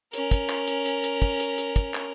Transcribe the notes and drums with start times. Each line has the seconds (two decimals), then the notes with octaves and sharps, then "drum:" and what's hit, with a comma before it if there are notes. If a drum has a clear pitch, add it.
0.13 C#4 A#4, drum: hi-hat
0.31 drum: kick, hi-hat
0.49 drum: clap
0.68 drum: hi-hat
0.86 drum: hi-hat
1.04 drum: hi-hat
1.22 drum: kick
1.40 drum: hi-hat
1.58 drum: hi-hat
1.76 drum: kick, hi-hat
1.94 drum: clap